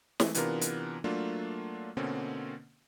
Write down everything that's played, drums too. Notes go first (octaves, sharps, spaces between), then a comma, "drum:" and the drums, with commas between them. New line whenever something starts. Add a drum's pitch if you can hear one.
E3 G#3 A3 C4, drum: snare
C3 E3 B3 D4 F4 A#4, drum: hi-hat
drum: hi-hat
F#3 A3 A#3 D4 F4
B2 D3 A#3 C4 C#4